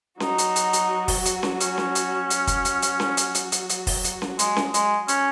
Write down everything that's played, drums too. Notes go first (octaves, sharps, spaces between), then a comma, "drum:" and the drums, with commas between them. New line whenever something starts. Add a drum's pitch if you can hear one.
F#3 D#4 F#4, drum: snare C#4
drum: hi-hat
drum: hi-hat
drum: hi-hat
drum: kick, open hi-hat
drum: hi-hat
drum: snare C#4
C#4, drum: hi-hat
drum: snare C#4
drum: hi-hat
F#3 F#4, drum: hi-hat
drum: kick, hi-hat
drum: hi-hat
drum: hi-hat
drum: snare C#4
drum: hi-hat
drum: hi-hat
drum: hi-hat
drum: hi-hat
drum: kick, open hi-hat
drum: hi-hat
drum: snare C#4
G#3, drum: hi-hat
drum: snare C#4
G#3, drum: hi-hat
C#4, drum: hi-hat